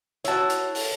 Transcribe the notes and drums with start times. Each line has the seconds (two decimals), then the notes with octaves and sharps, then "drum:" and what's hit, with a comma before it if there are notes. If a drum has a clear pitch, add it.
0.24 E4 F#4 C#5 A5, drum: hi-hat
0.50 drum: hi-hat
0.75 drum: open hi-hat